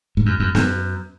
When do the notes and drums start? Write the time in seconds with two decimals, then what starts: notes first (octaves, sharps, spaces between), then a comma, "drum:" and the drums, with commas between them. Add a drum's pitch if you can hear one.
0.17 G#2
0.26 F#2
0.40 F#2
0.55 F#2, drum: snare B3